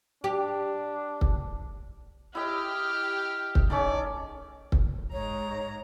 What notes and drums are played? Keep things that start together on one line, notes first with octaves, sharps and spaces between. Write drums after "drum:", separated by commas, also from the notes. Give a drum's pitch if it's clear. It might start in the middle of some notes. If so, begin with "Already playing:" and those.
D4 G4
drum: kick C#1
E4 G4 D#5 F6
drum: kick C#1
D#3 A3 C#4 D5
drum: kick C#1
G#2 C#5 A#5